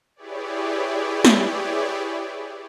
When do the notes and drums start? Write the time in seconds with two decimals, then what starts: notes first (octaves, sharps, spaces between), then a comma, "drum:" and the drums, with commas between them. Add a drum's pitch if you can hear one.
0.16 E4 G4 G#4 B4 C#5 D5
1.25 drum: snare